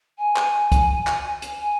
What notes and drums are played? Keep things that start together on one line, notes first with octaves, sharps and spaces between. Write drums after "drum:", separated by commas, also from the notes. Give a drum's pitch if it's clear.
G#5
drum: clap
drum: kick, hi-hat
drum: clap
drum: hi-hat
G#5